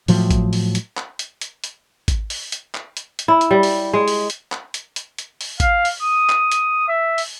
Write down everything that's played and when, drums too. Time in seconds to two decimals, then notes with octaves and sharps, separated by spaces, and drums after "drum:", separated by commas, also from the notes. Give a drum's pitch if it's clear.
0.08 A2 F3 F#3, drum: open hi-hat
0.31 drum: kick G#1, hi-hat
0.53 drum: open hi-hat
0.75 drum: hi-hat
0.97 drum: clap
1.19 drum: hi-hat
1.41 drum: hi-hat
1.64 drum: hi-hat
2.08 drum: kick G#1, hi-hat
2.30 drum: open hi-hat
2.52 drum: hi-hat
2.75 drum: clap
2.97 drum: hi-hat
3.19 drum: hi-hat
3.28 E4
3.41 drum: hi-hat
3.51 G3
3.63 drum: open hi-hat
3.93 G#3
4.08 drum: open hi-hat
4.30 drum: hi-hat
4.52 drum: clap
4.74 drum: hi-hat
4.96 drum: hi-hat
5.18 drum: hi-hat
5.41 drum: open hi-hat
5.60 F5, drum: kick G#1, hi-hat
5.85 drum: open hi-hat
6.02 D#6
6.29 drum: clap
6.52 drum: hi-hat
6.88 E5
7.18 drum: open hi-hat